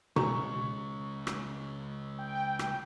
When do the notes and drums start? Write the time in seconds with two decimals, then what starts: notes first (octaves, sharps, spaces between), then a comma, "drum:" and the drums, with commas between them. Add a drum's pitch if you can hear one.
0.16 C#3 G#3 A#5 C#6, drum: tom B2
1.27 drum: rim click
2.19 G5
2.59 drum: rim click